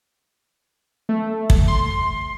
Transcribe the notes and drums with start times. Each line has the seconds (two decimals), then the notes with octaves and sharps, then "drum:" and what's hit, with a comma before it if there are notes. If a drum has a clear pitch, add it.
1.09 A3
1.50 drum: kick
1.68 C6